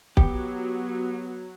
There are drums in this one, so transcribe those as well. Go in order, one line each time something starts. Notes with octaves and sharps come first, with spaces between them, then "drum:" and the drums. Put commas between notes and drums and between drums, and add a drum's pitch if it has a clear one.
F#3 B3 G4, drum: kick